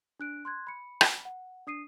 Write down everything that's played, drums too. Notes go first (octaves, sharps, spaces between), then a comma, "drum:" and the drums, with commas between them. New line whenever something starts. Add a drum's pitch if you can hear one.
D4 F#6 D7
C6 F#6 G#6
B5 C#7
drum: rim click
F#5
D4 D#6 C7 D#7